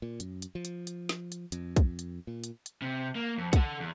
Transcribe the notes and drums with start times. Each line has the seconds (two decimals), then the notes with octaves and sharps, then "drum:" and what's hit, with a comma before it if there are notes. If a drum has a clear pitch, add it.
0.02 A#2
0.20 F#2, drum: hi-hat
0.42 drum: hi-hat
0.55 F3
0.65 drum: hi-hat
0.87 drum: hi-hat
1.09 drum: snare
1.32 drum: hi-hat
1.52 F2, drum: hi-hat
1.76 drum: kick, hi-hat
1.99 drum: hi-hat
2.27 A#2
2.44 drum: hi-hat
2.66 drum: hi-hat
2.82 C3
3.15 A#3
3.38 F2
3.53 A4 F#5, drum: kick, hi-hat
3.80 E2